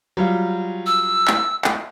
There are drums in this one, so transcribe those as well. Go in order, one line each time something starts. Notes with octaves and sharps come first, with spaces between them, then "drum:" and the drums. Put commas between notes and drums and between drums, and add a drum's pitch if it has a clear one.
F#3 G3 F4
E6
drum: clap
drum: clap